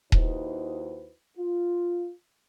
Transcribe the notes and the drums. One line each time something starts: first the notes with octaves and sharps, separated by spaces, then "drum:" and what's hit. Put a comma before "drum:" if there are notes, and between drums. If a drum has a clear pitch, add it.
D#2 D#4 E4 F#4 B4 C5, drum: kick D#1
F4